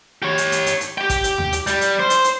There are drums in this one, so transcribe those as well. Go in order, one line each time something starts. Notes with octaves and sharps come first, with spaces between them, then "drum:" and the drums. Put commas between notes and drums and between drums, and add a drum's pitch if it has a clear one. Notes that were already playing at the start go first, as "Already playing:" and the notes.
G4 C#5
drum: hi-hat
drum: hi-hat
drum: hi-hat
drum: hi-hat
G4 G5
drum: kick, hi-hat
drum: hi-hat
drum: tom D#2
drum: hi-hat
G3, drum: hi-hat
drum: hi-hat
C5
drum: hi-hat
drum: hi-hat